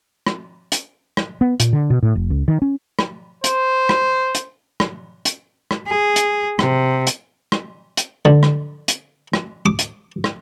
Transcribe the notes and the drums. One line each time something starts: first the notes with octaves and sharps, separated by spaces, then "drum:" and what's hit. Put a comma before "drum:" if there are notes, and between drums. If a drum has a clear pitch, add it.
drum: rim click
drum: hi-hat
drum: rim click
B3
A#2, drum: hi-hat
D3
B2
A2
F1
C#2
D#3
C#4
drum: rim click
C5, drum: hi-hat
drum: rim click
drum: hi-hat
drum: rim click
drum: hi-hat
drum: rim click
G#4
drum: hi-hat
C3, drum: rim click
drum: hi-hat
drum: rim click
drum: hi-hat
D3
drum: rim click
drum: hi-hat
drum: rim click
D6
drum: hi-hat
drum: rim click